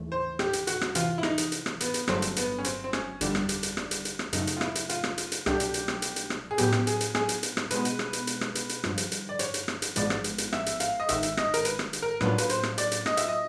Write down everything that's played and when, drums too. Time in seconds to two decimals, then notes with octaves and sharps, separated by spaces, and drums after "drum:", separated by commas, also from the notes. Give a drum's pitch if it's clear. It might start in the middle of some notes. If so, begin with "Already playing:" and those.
Already playing: D#2 C#3 E3 A3
0.12 C5
0.39 G4, drum: rim click
0.53 drum: hi-hat
0.67 F#4, drum: hi-hat
0.81 drum: rim click
0.95 F2 C3 E3 F4, drum: hi-hat
1.18 E4
1.23 D#4, drum: rim click
1.38 drum: hi-hat
1.52 drum: hi-hat
1.66 drum: rim click
1.80 B3, drum: hi-hat
1.94 drum: hi-hat
2.08 G1 G2 D3 F#3 A3 C4, drum: rim click
2.22 drum: hi-hat
2.36 B3, drum: hi-hat
2.59 C#4
2.65 C4, drum: hi-hat
2.84 C4
2.93 C#4, drum: rim click
3.21 G1 F2 D3 G3 D4, drum: hi-hat
3.35 drum: rim click
3.49 drum: hi-hat
3.63 drum: hi-hat
3.77 drum: rim click
3.91 drum: hi-hat
4.05 drum: hi-hat
4.19 drum: rim click
4.33 F#2 C#3 F#3 A3 D#4, drum: hi-hat
4.47 drum: hi-hat
4.56 F4
4.61 E4, drum: rim click
4.75 drum: hi-hat
4.89 F4, drum: hi-hat
5.04 drum: rim click
5.18 drum: hi-hat
5.32 drum: hi-hat
5.46 C2 B2 F#3 A3 D4 G4, drum: rim click
5.60 drum: hi-hat
5.74 drum: hi-hat
5.88 drum: rim click
6.02 drum: hi-hat
6.16 drum: hi-hat
6.30 drum: rim click
6.51 G#4
6.58 A2 F#3 B3 G4, drum: hi-hat
6.72 drum: rim click
6.87 G#4, drum: hi-hat
7.01 drum: hi-hat
7.15 G#4, drum: rim click
7.29 drum: hi-hat
7.43 drum: hi-hat
7.57 drum: rim click
7.71 B2 G#3 B3 B4, drum: hi-hat
7.85 drum: hi-hat
7.99 drum: rim click
8.13 drum: hi-hat
8.27 drum: hi-hat
8.41 drum: rim click
8.55 drum: hi-hat
8.69 drum: hi-hat
8.84 G2 D3 F3, drum: rim click
8.98 drum: hi-hat
9.12 drum: hi-hat
9.29 D5
9.39 C#5, drum: hi-hat
9.54 drum: hi-hat
9.68 drum: rim click
9.82 drum: hi-hat
9.96 A1 G#2 F3 G#3 B3 D5, drum: hi-hat
10.10 drum: rim click
10.24 drum: hi-hat
10.38 drum: hi-hat
10.53 E5, drum: rim click
10.66 drum: hi-hat
10.80 F5, drum: hi-hat
11.00 D#5
11.09 G#1 G#2 D#3 E5, drum: hi-hat
11.23 drum: hi-hat
11.37 D#5, drum: rim click
11.54 A#4, drum: hi-hat
11.65 B4, drum: hi-hat
11.79 drum: rim click
11.93 drum: hi-hat
12.02 A#4
12.21 A2 F#3 A#3 D4 F4 B4, drum: rim click
12.38 B4, drum: hi-hat
12.49 C5, drum: hi-hat
12.63 drum: rim click
12.78 D5, drum: hi-hat
12.92 drum: hi-hat
13.06 D#5, drum: rim click
13.17 E5, drum: hi-hat
13.29 D#5